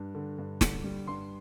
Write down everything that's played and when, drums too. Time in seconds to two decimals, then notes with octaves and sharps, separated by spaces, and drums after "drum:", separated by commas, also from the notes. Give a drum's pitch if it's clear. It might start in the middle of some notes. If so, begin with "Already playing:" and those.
Already playing: G2
0.15 D3
0.38 G2
0.61 D3, drum: snare
0.84 G3
1.07 G2 C6